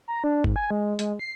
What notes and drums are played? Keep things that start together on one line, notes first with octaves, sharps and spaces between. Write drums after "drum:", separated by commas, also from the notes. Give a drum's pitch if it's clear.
A#5
D4
G#2, drum: kick G1
G#5
G#3
G#3, drum: hi-hat
C7